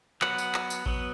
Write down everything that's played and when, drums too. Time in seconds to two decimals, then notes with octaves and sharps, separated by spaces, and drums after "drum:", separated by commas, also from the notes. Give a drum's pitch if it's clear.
0.22 F#3 B3 F#5, drum: clap
0.38 drum: tambourine
0.54 drum: clap
0.70 drum: tambourine
0.86 F#3 B3, drum: kick A1